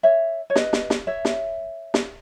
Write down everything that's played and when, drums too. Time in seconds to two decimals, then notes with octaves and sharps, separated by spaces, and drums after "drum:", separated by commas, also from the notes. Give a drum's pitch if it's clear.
0.03 C#5 E5
0.50 C#5
0.56 B4 D#5, drum: snare
0.73 drum: snare
0.90 drum: snare
1.07 C#5 E5
1.25 drum: snare
1.94 drum: snare